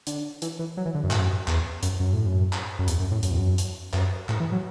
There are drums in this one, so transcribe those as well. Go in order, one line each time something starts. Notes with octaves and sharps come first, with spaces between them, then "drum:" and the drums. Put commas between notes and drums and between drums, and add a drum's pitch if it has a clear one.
D3, drum: hi-hat
E3, drum: hi-hat
E3
F#3
E3
D3
F#2
A2, drum: clap
F#2
E2, drum: clap
F#2, drum: hi-hat
F#2
A2
F#2
drum: clap
F#2
E2, drum: hi-hat
F#2
A2
F#2, drum: hi-hat
E2
F#2
drum: hi-hat
F#2, drum: clap
A2, drum: clap
E3
F#3